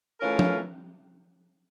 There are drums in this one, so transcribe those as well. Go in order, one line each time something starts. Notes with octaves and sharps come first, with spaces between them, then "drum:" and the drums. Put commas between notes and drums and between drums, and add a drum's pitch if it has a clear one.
E3 A3 C#4 F4 A#4
drum: tom F3